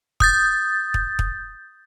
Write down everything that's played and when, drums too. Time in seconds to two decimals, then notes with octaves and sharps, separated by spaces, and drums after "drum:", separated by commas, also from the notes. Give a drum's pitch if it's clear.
0.20 D#6 G6 A6, drum: kick
0.94 drum: kick
1.19 drum: kick